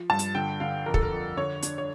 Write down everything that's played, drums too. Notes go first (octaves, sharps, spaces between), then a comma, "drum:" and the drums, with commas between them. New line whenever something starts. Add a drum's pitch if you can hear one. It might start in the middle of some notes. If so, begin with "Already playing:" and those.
Already playing: F3
G2 A5
drum: hi-hat
D3 G5
D3 F5
F2 A#4
A4, drum: kick
A#4
F2
D3 C#5
D4, drum: hi-hat
C#5